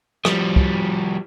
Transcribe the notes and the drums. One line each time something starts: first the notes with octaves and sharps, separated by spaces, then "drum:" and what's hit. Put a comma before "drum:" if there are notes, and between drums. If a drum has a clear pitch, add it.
F3 G3, drum: rim click
drum: kick